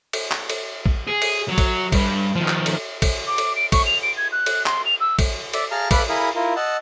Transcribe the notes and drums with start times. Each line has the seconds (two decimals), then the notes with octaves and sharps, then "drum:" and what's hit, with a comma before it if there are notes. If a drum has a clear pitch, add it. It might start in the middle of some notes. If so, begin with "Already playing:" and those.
0.13 drum: cymbal
0.31 drum: clap
0.49 drum: cymbal
0.86 drum: kick
1.08 G#4
1.22 drum: cymbal
1.48 F#3
1.58 drum: kick, cymbal
1.92 G2, drum: kick, cymbal
2.36 D#3 F3
2.48 drum: clap
2.66 drum: cymbal
3.02 drum: kick, cymbal
3.27 D6
3.38 drum: cymbal
3.56 D7
3.72 C#6, drum: kick, cymbal
3.86 F7
4.03 D7
4.17 G#6
4.32 F#6
4.46 drum: cymbal
4.66 C6, drum: clap
4.85 F7
5.00 E6
5.19 drum: kick, cymbal
5.53 D5 E5, drum: cymbal
5.71 G#4 F5 A5 A#5 F6
5.91 A4 B4 F5 B5 D6 F#6, drum: kick, cymbal
6.09 E4 G#4 A#4 F5 B5 D#6
6.35 E4 F4 A#4
6.56 D#5 F#5 A5 E6